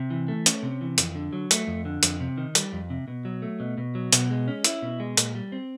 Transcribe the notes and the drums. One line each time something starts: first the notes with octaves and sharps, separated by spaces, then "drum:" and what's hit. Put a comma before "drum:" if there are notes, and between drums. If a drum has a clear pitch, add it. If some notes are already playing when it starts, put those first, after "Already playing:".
Already playing: C3
E3
A3
C#4, drum: hi-hat
C3
E3
F2, drum: hi-hat
D3
F#3
A3, drum: hi-hat
F2
D3
F2, drum: hi-hat
C3
D#3
G3, drum: hi-hat
F2
C3
B2
F#3
A3
B2
B2
F#3
B2, drum: hi-hat
G#3
C#4
E4, drum: hi-hat
B2
G#3
A#2, drum: hi-hat
G3
C4